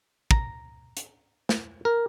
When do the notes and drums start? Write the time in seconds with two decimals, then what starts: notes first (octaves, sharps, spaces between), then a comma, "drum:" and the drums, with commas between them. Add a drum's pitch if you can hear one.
0.31 A#5, drum: kick
0.97 drum: hi-hat
1.49 drum: snare
1.85 A#4